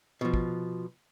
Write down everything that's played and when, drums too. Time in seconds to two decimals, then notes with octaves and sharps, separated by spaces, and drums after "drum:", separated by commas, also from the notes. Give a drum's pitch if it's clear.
0.21 B2 F3
0.34 drum: kick